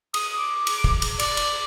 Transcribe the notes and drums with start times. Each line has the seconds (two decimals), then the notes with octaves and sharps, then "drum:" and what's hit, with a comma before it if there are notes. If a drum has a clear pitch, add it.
0.14 D#6, drum: cymbal
0.38 D6
0.67 drum: cymbal
0.84 drum: kick
1.02 drum: cymbal
1.19 D5, drum: cymbal
1.37 drum: cymbal